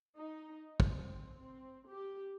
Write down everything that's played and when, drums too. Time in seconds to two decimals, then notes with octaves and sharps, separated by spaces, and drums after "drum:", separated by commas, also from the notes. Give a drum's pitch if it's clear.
0.17 D#4
0.80 C4, drum: kick
1.40 C4
1.88 G4